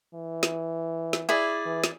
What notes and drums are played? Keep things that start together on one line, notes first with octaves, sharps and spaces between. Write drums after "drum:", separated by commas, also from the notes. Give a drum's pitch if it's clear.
E3
drum: snare
drum: snare
E4 G#4 D5
E3
drum: snare